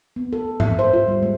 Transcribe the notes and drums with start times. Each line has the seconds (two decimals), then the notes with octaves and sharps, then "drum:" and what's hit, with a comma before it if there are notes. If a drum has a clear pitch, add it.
0.16 B3
0.33 A4
0.60 E5, drum: tom G#2
0.79 C5
0.93 F4
1.08 G3
1.23 G#3